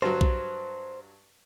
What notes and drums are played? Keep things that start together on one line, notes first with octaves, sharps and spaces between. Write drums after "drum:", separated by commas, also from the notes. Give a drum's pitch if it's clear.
G2 F#3 C5
drum: kick B1